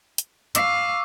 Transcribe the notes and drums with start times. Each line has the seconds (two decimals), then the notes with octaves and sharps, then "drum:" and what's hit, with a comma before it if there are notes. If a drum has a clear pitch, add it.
0.18 drum: hi-hat
0.55 F5 C#6 D6 E6, drum: hi-hat